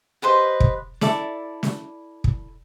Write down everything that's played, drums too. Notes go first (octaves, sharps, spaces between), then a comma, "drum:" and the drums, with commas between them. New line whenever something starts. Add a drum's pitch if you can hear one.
G4 B4 C5 D#5
drum: kick
E4 A4 D5 D6, drum: snare
drum: snare
drum: kick